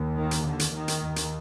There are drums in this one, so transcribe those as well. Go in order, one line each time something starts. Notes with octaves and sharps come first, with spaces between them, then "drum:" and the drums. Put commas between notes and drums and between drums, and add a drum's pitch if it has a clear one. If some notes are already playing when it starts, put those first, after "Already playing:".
Already playing: D#2
D#3
drum: hi-hat
D3
drum: hi-hat
D#3
drum: hi-hat
D#2
drum: hi-hat